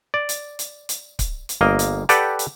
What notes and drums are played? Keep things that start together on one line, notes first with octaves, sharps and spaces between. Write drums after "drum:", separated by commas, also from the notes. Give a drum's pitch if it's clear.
D5
drum: hi-hat
drum: hi-hat
drum: hi-hat
drum: kick C#1, hi-hat
drum: hi-hat
G1 A#3 A#4 D#5
drum: hi-hat
G4 A4 B4 D5 F#5 G5, drum: hi-hat
drum: hi-hat